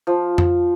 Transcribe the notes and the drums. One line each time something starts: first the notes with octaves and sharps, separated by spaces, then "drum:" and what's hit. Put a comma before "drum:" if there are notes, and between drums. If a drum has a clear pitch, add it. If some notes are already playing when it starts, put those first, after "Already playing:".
F3
drum: tom F2